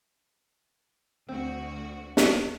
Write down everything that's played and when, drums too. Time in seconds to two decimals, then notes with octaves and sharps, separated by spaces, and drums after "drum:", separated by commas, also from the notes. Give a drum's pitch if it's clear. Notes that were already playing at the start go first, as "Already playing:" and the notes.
1.29 D2 C4 F#4
2.17 drum: snare